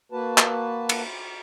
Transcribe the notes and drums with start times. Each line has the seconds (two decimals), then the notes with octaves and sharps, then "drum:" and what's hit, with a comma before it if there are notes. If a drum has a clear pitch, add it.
0.12 A#3 F#4 B4 A5
0.38 drum: clap
0.89 drum: cymbal